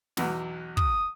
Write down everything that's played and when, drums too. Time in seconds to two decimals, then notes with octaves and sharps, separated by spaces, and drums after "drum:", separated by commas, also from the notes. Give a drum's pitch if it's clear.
0.17 B1 E2 B2, drum: snare
0.77 D#6, drum: kick